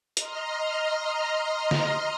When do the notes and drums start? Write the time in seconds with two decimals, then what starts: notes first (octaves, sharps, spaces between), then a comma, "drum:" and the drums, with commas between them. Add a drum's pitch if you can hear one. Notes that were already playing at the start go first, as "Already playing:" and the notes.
0.17 D#5 A#5 C6 F6, drum: hi-hat
1.71 drum: snare